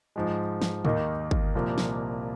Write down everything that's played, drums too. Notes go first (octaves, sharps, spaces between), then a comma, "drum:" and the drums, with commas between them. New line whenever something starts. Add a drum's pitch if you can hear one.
G#2 F3 G#3
drum: snare
D#2 D#3 A#3 D#4, drum: tom
drum: kick
C2 A#2 F3 A#3
drum: snare